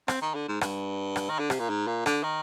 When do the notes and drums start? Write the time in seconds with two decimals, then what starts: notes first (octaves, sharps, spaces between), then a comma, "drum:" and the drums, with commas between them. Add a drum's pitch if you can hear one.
0.08 C4, drum: rim click
0.22 D#3
0.35 D3
0.48 G#2
0.61 G2, drum: rim click
1.16 drum: rim click
1.29 D#3
1.39 D3
1.50 C3, drum: rim click
1.60 A#2
1.70 G#2
1.87 A#2
2.06 D3, drum: rim click
2.23 D#3